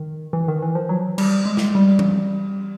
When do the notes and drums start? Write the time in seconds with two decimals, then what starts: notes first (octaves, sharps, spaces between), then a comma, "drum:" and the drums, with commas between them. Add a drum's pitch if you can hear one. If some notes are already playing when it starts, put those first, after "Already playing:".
Already playing: D#3
0.33 E3
0.48 D#3
0.62 E3
0.75 F3
0.89 F#3
1.18 G3, drum: cymbal
1.45 G#3
1.57 drum: snare
1.75 G3
1.99 drum: tom E3